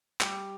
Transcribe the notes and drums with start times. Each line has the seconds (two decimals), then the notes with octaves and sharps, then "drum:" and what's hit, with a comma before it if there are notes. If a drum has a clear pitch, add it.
0.21 G3 G4, drum: clap